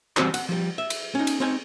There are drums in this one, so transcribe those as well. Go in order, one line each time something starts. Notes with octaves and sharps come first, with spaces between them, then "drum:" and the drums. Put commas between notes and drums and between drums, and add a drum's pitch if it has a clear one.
E3 G3 C4 F#4 C#5 D5, drum: clap
F#5, drum: cymbal
F3 G3
E5
drum: cymbal
C#4 D#4
drum: cymbal
C4 D#4 C#5 G#5